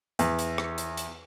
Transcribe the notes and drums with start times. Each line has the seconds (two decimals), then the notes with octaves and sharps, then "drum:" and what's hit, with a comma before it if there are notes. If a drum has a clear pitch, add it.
0.19 E2, drum: hi-hat
0.39 drum: hi-hat
0.58 drum: rim click
0.78 drum: hi-hat
0.97 drum: hi-hat